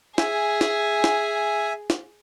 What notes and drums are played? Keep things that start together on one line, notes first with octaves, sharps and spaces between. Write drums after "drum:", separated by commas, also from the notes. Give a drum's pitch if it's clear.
G#4 E5 G#5, drum: snare
drum: snare
drum: snare
drum: snare